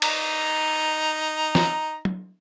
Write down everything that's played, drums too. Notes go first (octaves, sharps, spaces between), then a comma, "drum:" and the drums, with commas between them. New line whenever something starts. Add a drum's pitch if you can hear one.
D#4 A#5, drum: cymbal
drum: snare
drum: tom